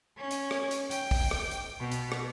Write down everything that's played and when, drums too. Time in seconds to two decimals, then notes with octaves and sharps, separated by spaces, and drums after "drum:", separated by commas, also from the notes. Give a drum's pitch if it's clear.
0.18 C#4
0.31 drum: hi-hat
0.51 drum: rim click
0.71 drum: hi-hat
0.91 G5, drum: hi-hat
1.11 drum: kick, open hi-hat
1.31 drum: rim click
1.51 drum: hi-hat
1.79 B2
1.92 drum: hi-hat
2.12 drum: rim click